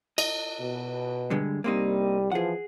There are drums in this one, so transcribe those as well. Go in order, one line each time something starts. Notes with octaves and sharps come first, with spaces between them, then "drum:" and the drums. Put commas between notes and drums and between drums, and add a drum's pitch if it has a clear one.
D#5, drum: cymbal
B2
G2 D3 G#3
C2 G3 A#3 C4 D#4
E3 F3 G#4 F#5